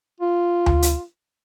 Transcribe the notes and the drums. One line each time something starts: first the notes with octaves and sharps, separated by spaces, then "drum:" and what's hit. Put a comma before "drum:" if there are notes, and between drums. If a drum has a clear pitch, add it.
F4
drum: tom D2
drum: hi-hat